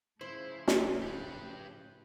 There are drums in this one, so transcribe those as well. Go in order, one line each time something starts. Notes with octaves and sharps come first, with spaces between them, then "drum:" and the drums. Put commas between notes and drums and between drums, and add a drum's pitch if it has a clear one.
A2 C#3 F3 E4 C5
drum: snare
G4 B4